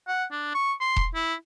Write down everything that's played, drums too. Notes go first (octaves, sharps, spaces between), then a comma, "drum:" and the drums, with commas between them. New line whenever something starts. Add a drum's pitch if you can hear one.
F#5
D4
C#6
C6
drum: kick E1
E4